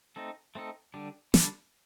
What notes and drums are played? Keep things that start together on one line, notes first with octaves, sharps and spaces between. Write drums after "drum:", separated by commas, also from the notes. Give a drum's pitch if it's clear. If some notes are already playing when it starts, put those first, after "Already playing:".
A3 C4 D#4 A4
A3 C4 D#4 A4
D3 G3 D4
D3 G3 D4, drum: snare